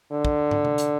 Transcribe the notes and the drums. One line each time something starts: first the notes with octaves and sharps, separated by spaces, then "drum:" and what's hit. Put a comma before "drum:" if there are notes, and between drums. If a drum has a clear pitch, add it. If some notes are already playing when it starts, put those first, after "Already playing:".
D3
drum: kick
drum: tom
drum: tom C3
drum: hi-hat